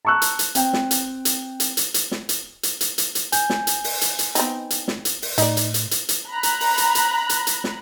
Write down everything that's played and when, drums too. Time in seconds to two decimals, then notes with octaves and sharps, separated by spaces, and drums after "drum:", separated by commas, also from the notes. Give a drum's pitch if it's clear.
0.05 A5 A#5 C#6 E6 F#6
0.22 drum: hi-hat
0.39 drum: hi-hat
0.55 C4 G5, drum: hi-hat
0.73 drum: snare
0.91 drum: hi-hat
1.25 drum: hi-hat
1.60 drum: hi-hat
1.77 drum: hi-hat
1.94 drum: hi-hat
2.12 drum: snare
2.29 drum: hi-hat
2.63 drum: hi-hat
2.81 drum: hi-hat
2.98 drum: hi-hat
3.15 drum: hi-hat
3.32 G#5 G6, drum: hi-hat
3.50 drum: snare
3.67 drum: hi-hat
3.84 drum: open hi-hat
4.01 drum: hi-hat
4.19 drum: hi-hat
4.35 B3 C4 D#4, drum: hi-hat
4.70 drum: hi-hat
4.88 drum: snare
5.05 drum: hi-hat
5.22 drum: open hi-hat
5.38 A2 D#4 D5, drum: hi-hat
5.57 drum: hi-hat
5.74 drum: hi-hat
5.91 drum: hi-hat
6.09 drum: hi-hat
6.29 A#5 B5 F#6
6.43 drum: hi-hat
6.60 drum: open hi-hat
6.78 drum: hi-hat
6.95 drum: hi-hat
7.29 drum: hi-hat
7.47 drum: hi-hat
7.64 drum: snare